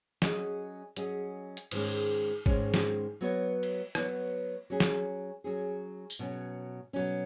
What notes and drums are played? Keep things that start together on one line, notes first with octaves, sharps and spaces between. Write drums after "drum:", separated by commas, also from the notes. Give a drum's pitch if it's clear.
F#3 C#4 G#4 D#5, drum: snare
F#3 C#4 G#4 D#5, drum: hi-hat
drum: hi-hat
G#2 D#3 G#3 C#4, drum: cymbal
G#2 D#3 G#3 C#4, drum: kick G#1
drum: snare
F#3 B3 F#4 C#5
drum: cymbal
F#3 B3 F#4 C#5, drum: rim click
F#3 C#4 G#4
drum: snare
F#3 C#4 G#4
drum: tambourine
B2 F#3 C#4
B2 F#3 C#4